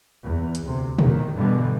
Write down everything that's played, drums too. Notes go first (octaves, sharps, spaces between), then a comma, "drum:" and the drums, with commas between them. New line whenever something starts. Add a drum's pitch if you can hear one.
E2
drum: hi-hat
D2 C3
E2 A#2 D#3, drum: tom
G2 B2 D3 E3 G3